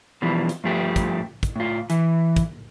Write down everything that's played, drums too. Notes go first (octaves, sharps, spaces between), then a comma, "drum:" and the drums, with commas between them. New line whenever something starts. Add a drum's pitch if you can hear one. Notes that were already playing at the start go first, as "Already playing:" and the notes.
B2 E3 F3 G3
drum: hi-hat
G2 F3 A3 G4
drum: kick, hi-hat
drum: kick, hi-hat
A2 F4
E3, drum: hi-hat
drum: kick, hi-hat